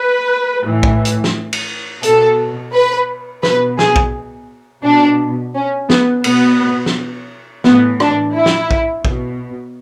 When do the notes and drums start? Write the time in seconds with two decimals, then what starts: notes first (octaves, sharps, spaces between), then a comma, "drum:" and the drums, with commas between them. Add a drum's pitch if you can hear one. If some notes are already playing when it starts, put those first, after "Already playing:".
Already playing: B4
0.64 A2 E3
0.83 drum: kick A#1
1.05 drum: hi-hat
1.24 drum: snare
1.53 drum: cymbal
2.03 B2 A4, drum: hi-hat
2.73 B4
3.43 B2 B4, drum: snare
3.79 G#4, drum: snare
3.96 drum: kick A#1
4.84 B2 D4
5.55 C#4
5.90 B3, drum: snare
6.24 B2 B3, drum: cymbal
6.86 drum: snare
7.64 A2 E3 B3, drum: snare
8.00 D4, drum: rim click
8.34 E4
8.46 drum: snare
8.71 drum: kick A#1
9.05 B2, drum: kick A#1